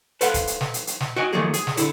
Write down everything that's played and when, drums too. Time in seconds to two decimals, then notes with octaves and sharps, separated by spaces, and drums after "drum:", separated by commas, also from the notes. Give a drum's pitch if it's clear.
0.21 A4 B4 C5 F5 F#5, drum: hi-hat
0.34 drum: kick, hi-hat
0.47 drum: hi-hat
0.61 drum: snare
0.74 drum: hi-hat
0.87 drum: hi-hat
1.00 drum: snare
1.16 F#4 D#5 G5 G#5
1.33 D#3 F3 F#3 A3 A#3 G#4
1.54 G#4, drum: hi-hat
1.67 drum: snare
1.77 D3 E4, drum: hi-hat